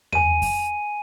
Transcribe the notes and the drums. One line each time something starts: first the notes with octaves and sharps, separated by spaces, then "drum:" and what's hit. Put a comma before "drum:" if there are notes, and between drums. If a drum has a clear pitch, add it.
G#5 D#7, drum: tom E2
drum: kick F2, open hi-hat